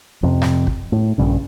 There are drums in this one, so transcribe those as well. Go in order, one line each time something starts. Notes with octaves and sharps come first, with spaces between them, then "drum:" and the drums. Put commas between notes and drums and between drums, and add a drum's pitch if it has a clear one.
F2 C3
drum: snare
drum: kick
A2
A#1 G2 C#3